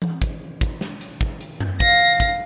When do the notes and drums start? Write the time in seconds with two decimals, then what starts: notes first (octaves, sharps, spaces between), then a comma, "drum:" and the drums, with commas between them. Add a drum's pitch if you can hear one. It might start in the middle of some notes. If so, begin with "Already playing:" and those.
0.02 drum: tom E3
0.22 drum: kick, hi-hat
0.61 drum: kick, hi-hat
0.81 drum: snare
1.01 drum: hi-hat
1.21 drum: kick
1.41 drum: hi-hat
1.60 drum: tom F#2
1.80 F5 A#6, drum: kick, hi-hat
2.20 drum: kick, hi-hat